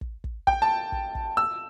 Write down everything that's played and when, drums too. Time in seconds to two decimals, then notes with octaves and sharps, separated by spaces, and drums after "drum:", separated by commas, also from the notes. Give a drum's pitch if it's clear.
0.01 drum: kick
0.24 drum: kick
0.47 G5, drum: kick
0.62 A5
0.92 drum: kick
1.15 drum: kick
1.37 E6